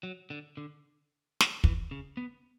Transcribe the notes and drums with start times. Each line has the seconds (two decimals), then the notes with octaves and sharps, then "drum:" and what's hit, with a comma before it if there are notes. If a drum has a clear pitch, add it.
0.03 F#3
0.30 D3
0.57 D3
1.40 drum: snare
1.64 E3, drum: kick
1.91 C#3
2.17 B3